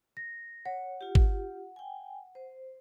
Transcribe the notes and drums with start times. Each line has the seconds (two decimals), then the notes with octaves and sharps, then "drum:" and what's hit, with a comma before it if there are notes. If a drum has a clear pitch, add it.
0.17 A#6
0.66 C#5 F#5
1.01 F4 G4
1.15 drum: kick
1.76 G5 G#5
2.35 C5